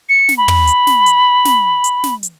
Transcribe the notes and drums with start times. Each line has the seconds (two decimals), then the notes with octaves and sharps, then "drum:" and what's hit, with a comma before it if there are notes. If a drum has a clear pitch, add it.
0.09 C#7
0.29 drum: snare
0.38 B5
0.48 drum: tom
0.67 drum: hi-hat
0.87 drum: snare
1.06 drum: hi-hat
1.45 drum: snare
1.84 drum: hi-hat
2.04 drum: snare
2.23 drum: hi-hat